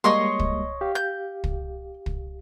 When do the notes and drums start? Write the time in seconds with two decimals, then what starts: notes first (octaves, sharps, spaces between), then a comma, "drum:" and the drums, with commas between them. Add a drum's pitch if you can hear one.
0.04 G3 G#3 A#3 C#5 D#5 C6
0.39 drum: kick
0.81 G4 F5
0.95 G6
1.44 drum: kick
2.06 drum: kick